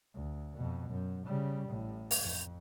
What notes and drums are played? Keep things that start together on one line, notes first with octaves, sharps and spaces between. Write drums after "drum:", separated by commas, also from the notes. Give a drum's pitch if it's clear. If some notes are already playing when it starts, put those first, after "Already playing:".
D2
F2 B2
F#2
C#3 G3
A1 A2
drum: open hi-hat
F2